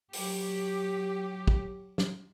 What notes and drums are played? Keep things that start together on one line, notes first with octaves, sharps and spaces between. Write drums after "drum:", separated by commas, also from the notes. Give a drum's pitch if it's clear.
F#3 G4, drum: open hi-hat
drum: kick
drum: snare